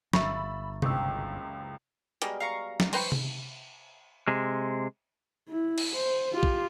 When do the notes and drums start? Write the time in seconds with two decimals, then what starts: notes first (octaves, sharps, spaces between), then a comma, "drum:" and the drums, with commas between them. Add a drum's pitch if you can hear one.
0.13 G1 E5 F5 A#5 B5 C#6 E6 A6, drum: snare
0.82 F#1 C#2 C4 G4 C#6 E6, drum: tom C3
2.22 B2 G3 G#3 A#4, drum: hi-hat
2.40 F5 A#5 C#6
2.80 drum: snare
2.93 B4 C5 G5 A#5 C6 C#6, drum: cymbal
3.12 drum: tom C3
4.28 C3 G#3
5.49 E4
5.78 drum: cymbal
5.96 C5
6.33 F4 G4
6.43 drum: kick A#1